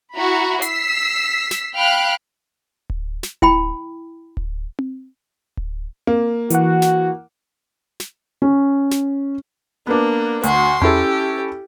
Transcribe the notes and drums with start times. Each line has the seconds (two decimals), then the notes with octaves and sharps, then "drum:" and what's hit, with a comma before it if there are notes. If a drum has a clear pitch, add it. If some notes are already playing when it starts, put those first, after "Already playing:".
0.15 E4 F#4 A#5 B5
0.62 E6 B6 C7, drum: hi-hat
1.51 drum: snare
1.76 F5 G5 B5 F6 F#6
2.90 drum: kick D1
3.23 drum: snare
3.42 E4 G5 B5, drum: kick D1
4.37 drum: kick D1
4.79 drum: tom C4
5.57 drum: kick D1
6.07 A#3, drum: tom C4
6.50 E3 F#4 F#5, drum: hi-hat
6.82 drum: snare
8.00 drum: snare
8.42 C#4
8.91 drum: snare
9.87 A#3 B3 D4
10.43 D2 F#4 C6, drum: hi-hat
10.82 C#4 E4 G4 A4, drum: tom E2